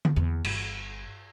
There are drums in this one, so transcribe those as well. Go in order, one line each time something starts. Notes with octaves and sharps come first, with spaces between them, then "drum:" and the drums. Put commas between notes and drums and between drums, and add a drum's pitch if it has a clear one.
drum: tom D3
E2
G1, drum: cymbal